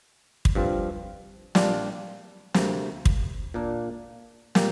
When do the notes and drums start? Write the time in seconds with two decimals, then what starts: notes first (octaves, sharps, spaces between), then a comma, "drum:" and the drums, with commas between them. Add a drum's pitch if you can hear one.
0.45 drum: kick
0.55 G2 F3 C4 F4
1.55 A#1 A#2 G3 D4 F4, drum: snare
2.54 D2 C3 A#3, drum: snare
3.05 drum: kick
3.54 A#2 A#3 D4
4.55 A#2 A#3 G4, drum: snare